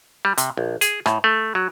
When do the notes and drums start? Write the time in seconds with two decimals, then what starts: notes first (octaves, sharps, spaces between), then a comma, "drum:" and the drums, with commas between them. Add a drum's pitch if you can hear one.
0.25 G3
0.38 C3, drum: hi-hat
0.57 A#1
0.81 G#4, drum: hi-hat
1.06 A2, drum: rim click
1.24 A3
1.55 F#3